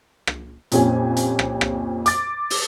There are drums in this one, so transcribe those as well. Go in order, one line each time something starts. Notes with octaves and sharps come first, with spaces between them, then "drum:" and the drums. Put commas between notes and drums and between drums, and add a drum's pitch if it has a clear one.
drum: rim click
F2 A#2 C#4 G4 G#5, drum: hi-hat
drum: hi-hat
drum: rim click
drum: rim click
D6 A6, drum: hi-hat
drum: open hi-hat